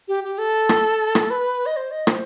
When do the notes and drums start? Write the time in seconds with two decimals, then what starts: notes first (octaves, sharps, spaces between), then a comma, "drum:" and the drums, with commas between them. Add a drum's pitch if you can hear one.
0.08 G4
0.24 G4
0.38 A4
0.69 drum: rim click
1.15 drum: rim click
1.30 B4
1.66 D#5
1.76 C5
1.91 D#5
2.07 C5, drum: rim click